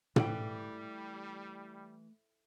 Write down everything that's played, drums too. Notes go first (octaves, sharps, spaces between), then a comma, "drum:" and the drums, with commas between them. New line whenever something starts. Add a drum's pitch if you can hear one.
E3 G3 A3 A4 G5, drum: tom